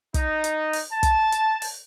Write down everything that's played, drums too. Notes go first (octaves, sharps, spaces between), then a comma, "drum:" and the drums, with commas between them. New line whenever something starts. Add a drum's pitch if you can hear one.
D#4, drum: kick, hi-hat
drum: hi-hat
drum: open hi-hat
A5
drum: kick, hi-hat
drum: hi-hat
drum: open hi-hat